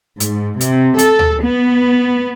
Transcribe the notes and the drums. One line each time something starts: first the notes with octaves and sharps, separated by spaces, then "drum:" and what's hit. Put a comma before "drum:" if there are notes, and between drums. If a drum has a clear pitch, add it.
G#2, drum: hi-hat
C3, drum: hi-hat
A4, drum: hi-hat
drum: tom
B3